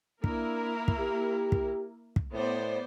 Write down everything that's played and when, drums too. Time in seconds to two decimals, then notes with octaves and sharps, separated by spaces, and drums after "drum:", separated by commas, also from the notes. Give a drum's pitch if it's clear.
0.24 A#3 D4 E4 A#4, drum: kick
0.88 drum: kick
0.99 G4
1.52 drum: kick
2.16 drum: kick
2.33 A2 B3 C5 D5